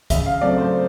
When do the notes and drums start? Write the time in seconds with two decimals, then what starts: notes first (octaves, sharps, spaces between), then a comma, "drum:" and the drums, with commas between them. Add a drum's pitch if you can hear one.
0.10 C#3 E5, drum: kick C#2, hi-hat
0.26 F5
0.41 F#3 A3 C4 D5
0.58 C5